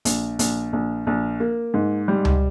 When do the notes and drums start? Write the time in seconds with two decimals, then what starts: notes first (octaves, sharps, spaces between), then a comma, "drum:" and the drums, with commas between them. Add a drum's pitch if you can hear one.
0.05 A#1, drum: hi-hat
0.39 A#1, drum: hi-hat
0.73 A#1
1.07 A#1
1.40 A#3
1.74 G#2
2.08 G3
2.25 drum: tom C#2